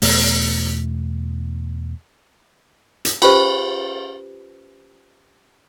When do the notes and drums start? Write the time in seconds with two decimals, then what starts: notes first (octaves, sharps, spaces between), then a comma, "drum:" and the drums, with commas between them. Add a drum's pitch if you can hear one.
0.02 E2 B2 A3, drum: open hi-hat
3.05 drum: hi-hat
3.22 C#4 F4 G4 B4 C5, drum: cymbal